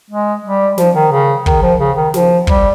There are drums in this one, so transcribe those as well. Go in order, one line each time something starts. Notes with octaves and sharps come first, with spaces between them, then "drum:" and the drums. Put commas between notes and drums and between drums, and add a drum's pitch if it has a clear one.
G#3
G3
F3, drum: snare
D#3
C#3
D#3, drum: kick
F3
C#3
D#3
F3, drum: snare
G3, drum: kick